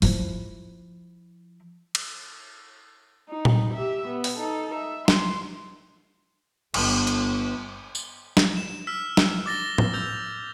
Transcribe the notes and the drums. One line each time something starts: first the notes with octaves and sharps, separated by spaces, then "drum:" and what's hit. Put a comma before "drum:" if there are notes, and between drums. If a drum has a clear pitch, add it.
F3 E4, drum: open hi-hat
drum: cymbal
D#4
drum: tom A#2
G4 E5
B3
drum: open hi-hat
D#4 A4
E5
C6, drum: snare
G1, drum: cymbal
drum: hi-hat
drum: tambourine
drum: snare
E7
E6 F6 B6
drum: snare
D6 A6 A#6 G7
drum: tom A2
E6 G6 F7